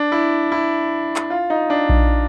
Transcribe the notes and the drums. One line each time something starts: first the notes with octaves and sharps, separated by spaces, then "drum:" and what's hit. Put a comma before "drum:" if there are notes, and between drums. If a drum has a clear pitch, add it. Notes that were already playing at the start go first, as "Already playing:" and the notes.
Already playing: D4
E4
E4
drum: clap
F4
D#4
D4
drum: kick A#1